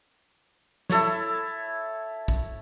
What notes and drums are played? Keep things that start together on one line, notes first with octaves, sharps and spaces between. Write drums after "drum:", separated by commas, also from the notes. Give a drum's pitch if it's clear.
E4 A4 C#5, drum: snare
drum: kick